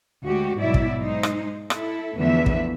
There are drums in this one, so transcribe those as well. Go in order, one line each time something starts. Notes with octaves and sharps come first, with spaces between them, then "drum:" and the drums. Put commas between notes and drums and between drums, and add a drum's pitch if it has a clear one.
D2 G#3 F#4 G4
G#2 B2 F#3 E4 D5 E5
drum: kick
G#3 D#4 C5
drum: rim click
E4 A4, drum: rim click
E2 D3 F3 A3 B4 E5
drum: kick